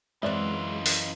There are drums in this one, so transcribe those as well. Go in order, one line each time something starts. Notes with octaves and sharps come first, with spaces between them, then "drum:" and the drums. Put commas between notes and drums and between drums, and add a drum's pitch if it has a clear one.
F#2 E3 G#3 C4 D#4 F4 D5 E5
drum: open hi-hat